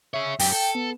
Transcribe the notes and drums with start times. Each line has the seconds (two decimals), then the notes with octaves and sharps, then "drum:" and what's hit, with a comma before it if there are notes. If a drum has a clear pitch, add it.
0.14 G#4 C#5 E5
0.39 F#2 G4 G5, drum: open hi-hat
0.52 A4
0.75 B3